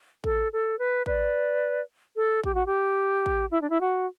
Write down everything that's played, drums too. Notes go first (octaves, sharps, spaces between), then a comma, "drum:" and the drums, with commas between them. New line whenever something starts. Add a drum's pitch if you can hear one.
A4, drum: kick A1
A4
B4
B4 D5, drum: kick A1
A4
G4, drum: kick A1
F#4
G4
drum: kick A1
E4
D4
E4
F#4